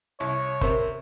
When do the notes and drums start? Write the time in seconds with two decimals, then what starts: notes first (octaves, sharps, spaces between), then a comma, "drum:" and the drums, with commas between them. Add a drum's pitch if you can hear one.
0.20 C2 C#5
0.61 C3 A#4 C5, drum: kick